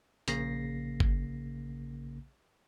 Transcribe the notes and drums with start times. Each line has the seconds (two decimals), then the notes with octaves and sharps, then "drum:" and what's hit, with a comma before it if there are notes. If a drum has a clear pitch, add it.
0.28 A#1 C#3 A#3 A#6 C7, drum: hi-hat
1.00 drum: kick G1